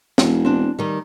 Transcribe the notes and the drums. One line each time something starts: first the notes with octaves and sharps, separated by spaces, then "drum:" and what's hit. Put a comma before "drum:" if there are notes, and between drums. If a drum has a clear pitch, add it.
E1, drum: snare
C4 D4
D#3 G3